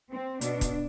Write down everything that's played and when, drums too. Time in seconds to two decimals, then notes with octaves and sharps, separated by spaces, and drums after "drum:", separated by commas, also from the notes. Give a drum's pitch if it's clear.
0.11 C4
0.41 B2 D4, drum: hi-hat
0.61 drum: kick, hi-hat